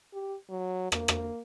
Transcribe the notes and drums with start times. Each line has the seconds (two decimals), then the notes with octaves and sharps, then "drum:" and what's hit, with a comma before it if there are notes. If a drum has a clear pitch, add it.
0.13 G4
0.50 F#3
0.92 A#3, drum: rim click
1.08 drum: rim click